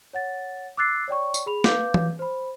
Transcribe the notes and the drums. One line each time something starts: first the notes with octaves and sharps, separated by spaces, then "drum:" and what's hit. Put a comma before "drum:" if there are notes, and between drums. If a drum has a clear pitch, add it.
C#5 F#5 A6
D6 E6 F#6 A6 C7
C#5 D5 G5 C#6
drum: tambourine
G#4 B5 F7
B4 F5 D6 G6, drum: snare
drum: tom E3
C5 B5